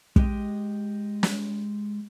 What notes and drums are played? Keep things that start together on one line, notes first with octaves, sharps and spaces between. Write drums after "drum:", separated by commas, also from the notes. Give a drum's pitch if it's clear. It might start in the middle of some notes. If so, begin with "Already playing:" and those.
G#3 G4 D#5, drum: kick
drum: snare